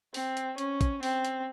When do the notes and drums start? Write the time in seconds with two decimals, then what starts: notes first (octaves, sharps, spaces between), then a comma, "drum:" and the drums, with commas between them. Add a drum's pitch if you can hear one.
0.14 C4, drum: open hi-hat
0.37 drum: hi-hat
0.58 C#4, drum: hi-hat
0.81 drum: kick, hi-hat
1.03 C4, drum: open hi-hat
1.25 drum: hi-hat